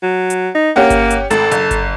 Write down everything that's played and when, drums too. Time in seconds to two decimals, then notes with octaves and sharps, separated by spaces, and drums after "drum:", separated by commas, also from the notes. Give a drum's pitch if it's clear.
0.03 F#3
0.30 drum: hi-hat
0.55 D#4
0.76 A#3 C#4 G4 F#5
0.90 drum: kick G1, hi-hat
1.10 drum: hi-hat
1.31 G#1 A4, drum: hi-hat
1.52 F#1, drum: hi-hat
1.71 drum: kick G1, hi-hat